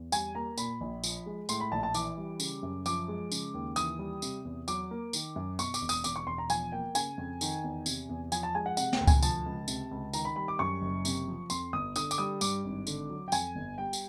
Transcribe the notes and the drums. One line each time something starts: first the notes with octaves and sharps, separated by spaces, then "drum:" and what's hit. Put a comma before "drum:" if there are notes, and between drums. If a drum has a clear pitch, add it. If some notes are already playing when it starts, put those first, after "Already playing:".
Already playing: E2
G3 G#5, drum: tambourine
A#3 A#5
A#2 B5, drum: tambourine
A#1
F3, drum: tambourine
G#3
A2 C6, drum: tambourine
B5
A#1 A5
A5
E3 D6, drum: tambourine
G3
C#3, drum: tambourine
F#2
F3 D6, drum: tambourine
G#3
C#3, drum: tambourine
D#2
E3 D#6, drum: tambourine
G3
C3, drum: tambourine
E2
F#3 D6, drum: tambourine
A#3
D#3, drum: tambourine
F#2
B2 C#6, drum: tambourine
D6, drum: tambourine
E1
D#6, drum: tambourine
E2 D6, drum: tambourine
C#6
E1 C6
A#5
F3 G#5, drum: tambourine
A#3 G5
C#3 G#5, drum: tambourine
F2
D#3, drum: tambourine
E2
C3, drum: tambourine
E2
F3 G#5, drum: tambourine
A5
G#3 G#5
F#5
C3 F#5, drum: tambourine
G5, drum: snare
D2
G#5, drum: kick C#2, tambourine
F3 A5, drum: tambourine
C#2
C3, drum: tambourine
C#2
D#3 A#5, drum: tambourine
B5
G3 B5
D6
F#2 C#6
F#1
C3, drum: tambourine
F3
F2 C6, drum: tambourine
G1 D#6
D3 D#6, drum: tambourine
D6, drum: tambourine
G3 D#6
G2 D6, drum: tambourine
G#1
D3, drum: tambourine
F#3
G5
F2 G#5, drum: tambourine
G1
G3 G5
drum: tambourine